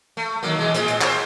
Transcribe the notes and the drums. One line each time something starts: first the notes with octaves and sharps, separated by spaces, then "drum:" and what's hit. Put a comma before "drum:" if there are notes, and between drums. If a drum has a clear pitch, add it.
A3
D#3 F#3 A#3
B2 E3 G#3
A2 G#3 C4, drum: hi-hat
drum: hi-hat
C4 C5, drum: clap